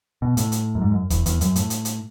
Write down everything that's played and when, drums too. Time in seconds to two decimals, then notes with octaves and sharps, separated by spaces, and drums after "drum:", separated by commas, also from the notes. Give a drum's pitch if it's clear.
0.22 B2
0.37 A2, drum: hi-hat
0.52 drum: hi-hat
0.75 F#2
0.82 G#2
0.91 F#2
1.10 E2, drum: kick D#1, hi-hat
1.26 E2, drum: hi-hat
1.41 F#2, drum: hi-hat
1.56 A2, drum: hi-hat
1.70 drum: hi-hat
1.85 drum: hi-hat